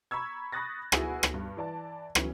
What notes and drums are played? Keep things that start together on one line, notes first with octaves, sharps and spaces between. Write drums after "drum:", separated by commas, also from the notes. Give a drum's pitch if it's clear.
A#5 B5 C#6 E6 G#6
B5 C#6 D#6 F#6 A6 A#6
E4 F#4 G#4 B4 G#5, drum: rim click
drum: rim click
G2
E3 D5 A5
E3 F#3 C#4, drum: rim click